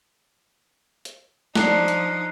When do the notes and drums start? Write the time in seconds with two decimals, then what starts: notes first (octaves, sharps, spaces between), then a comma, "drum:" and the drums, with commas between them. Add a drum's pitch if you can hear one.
1.05 drum: hi-hat
1.55 F3 D4 D#4 F#6 C7, drum: snare A3
1.88 drum: hi-hat